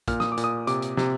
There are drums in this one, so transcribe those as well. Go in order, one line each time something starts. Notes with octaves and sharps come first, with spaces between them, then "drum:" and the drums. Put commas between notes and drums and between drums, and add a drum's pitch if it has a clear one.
A#2 F6, drum: kick, hi-hat
D#6, drum: snare
D6
A#2, drum: hi-hat
D#6
C3 D6, drum: hi-hat
drum: hi-hat
C3, drum: snare